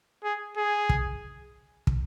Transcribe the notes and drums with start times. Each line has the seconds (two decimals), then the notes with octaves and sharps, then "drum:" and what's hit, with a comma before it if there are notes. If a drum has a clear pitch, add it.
0.24 G#4
0.57 G#4
0.89 drum: kick
1.87 drum: kick